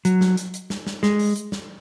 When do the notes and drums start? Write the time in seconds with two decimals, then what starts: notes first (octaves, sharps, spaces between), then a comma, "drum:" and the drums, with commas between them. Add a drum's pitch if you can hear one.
0.05 F#3, drum: hi-hat
0.21 drum: snare
0.37 drum: hi-hat
0.54 drum: hi-hat
0.70 drum: snare
0.87 drum: snare
1.03 G#3, drum: snare
1.19 drum: open hi-hat
1.36 drum: hi-hat
1.52 drum: snare